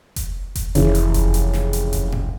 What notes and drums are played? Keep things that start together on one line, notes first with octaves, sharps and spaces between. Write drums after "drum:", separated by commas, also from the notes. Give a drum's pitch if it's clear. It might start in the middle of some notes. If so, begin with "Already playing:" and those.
drum: kick F1, hi-hat
drum: kick F1, hi-hat
F1 C#3 E3, drum: hi-hat
drum: hi-hat
drum: kick F1, hi-hat
drum: hi-hat
drum: snare
drum: hi-hat
drum: kick F1, hi-hat
drum: tom G#2